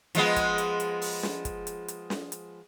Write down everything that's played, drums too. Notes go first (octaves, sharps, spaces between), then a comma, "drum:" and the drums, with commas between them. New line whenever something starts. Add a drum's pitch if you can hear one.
F3 G#3 B3, drum: hi-hat
drum: kick, hi-hat
drum: hi-hat
drum: hi-hat
drum: open hi-hat
drum: snare
drum: kick, hi-hat
drum: hi-hat
drum: hi-hat
drum: snare
drum: hi-hat